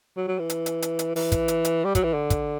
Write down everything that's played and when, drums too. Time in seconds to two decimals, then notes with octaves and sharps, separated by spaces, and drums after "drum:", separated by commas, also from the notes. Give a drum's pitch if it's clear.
0.17 F#3
0.28 F#3
0.39 E3
0.50 drum: hi-hat
0.66 drum: hi-hat
0.82 drum: hi-hat
0.99 drum: hi-hat
1.16 E3, drum: open hi-hat
1.32 drum: kick, hi-hat
1.48 drum: hi-hat
1.65 drum: hi-hat
1.85 G3
1.95 F#3, drum: kick, hi-hat
2.03 E3
2.14 D3
2.30 drum: kick, hi-hat